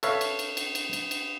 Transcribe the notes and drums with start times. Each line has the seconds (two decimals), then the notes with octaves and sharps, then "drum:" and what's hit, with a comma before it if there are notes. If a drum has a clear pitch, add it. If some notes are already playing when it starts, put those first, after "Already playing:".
0.03 A4 B4 C#5 E5 F5, drum: cymbal
0.21 drum: cymbal
0.39 drum: cymbal
0.57 drum: cymbal
0.75 drum: cymbal
0.93 drum: cymbal
1.11 drum: cymbal